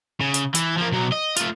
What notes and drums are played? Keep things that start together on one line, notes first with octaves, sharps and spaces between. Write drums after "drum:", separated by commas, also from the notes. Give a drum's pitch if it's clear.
C#3
drum: hi-hat
E3, drum: hi-hat
F3 A#3
B1 F#3
D#5
A3 F4, drum: hi-hat